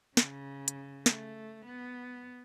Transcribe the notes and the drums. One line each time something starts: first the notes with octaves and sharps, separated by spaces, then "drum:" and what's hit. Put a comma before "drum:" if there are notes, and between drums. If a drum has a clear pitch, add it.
C#3, drum: snare
drum: hi-hat
A3, drum: snare
B3